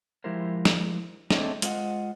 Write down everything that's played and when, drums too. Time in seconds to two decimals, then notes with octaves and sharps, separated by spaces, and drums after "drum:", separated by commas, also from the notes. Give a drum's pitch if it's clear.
0.24 F3 G#3 E4 G4 A#4 C5
0.65 drum: snare
1.30 A3 C4 D4 A4 C#5 D#5, drum: snare
1.62 G#3 F4 C5 D#5 F#5, drum: hi-hat